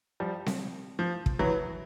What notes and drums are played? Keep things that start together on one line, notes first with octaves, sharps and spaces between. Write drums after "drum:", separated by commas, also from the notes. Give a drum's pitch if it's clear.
F3 G3
drum: snare C4
F3
drum: kick
E3 F#3